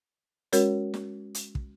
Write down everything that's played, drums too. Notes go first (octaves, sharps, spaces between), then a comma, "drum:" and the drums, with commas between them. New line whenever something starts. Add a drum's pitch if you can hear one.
G#3 C#4 F#4 A#4 C#5, drum: hi-hat
drum: snare
drum: hi-hat
drum: kick